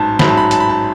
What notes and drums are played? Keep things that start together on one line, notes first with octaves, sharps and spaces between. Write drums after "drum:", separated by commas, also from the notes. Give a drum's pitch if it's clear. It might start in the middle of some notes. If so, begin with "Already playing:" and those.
Already playing: A1 G#2 F#3 A5
A1 G#2 F#3 B5, drum: snare
A5
B5
A5, drum: hi-hat
B5
A5